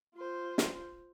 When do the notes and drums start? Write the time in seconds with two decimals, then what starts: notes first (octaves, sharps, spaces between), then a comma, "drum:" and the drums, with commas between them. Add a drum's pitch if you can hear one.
0.15 F4 C5
0.58 drum: snare